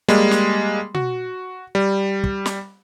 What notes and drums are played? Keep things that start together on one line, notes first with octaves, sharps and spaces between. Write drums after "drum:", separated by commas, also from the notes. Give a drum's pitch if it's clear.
G3 G#3 A#3, drum: snare
drum: snare
F#4, drum: tom B2
G3
drum: kick
drum: snare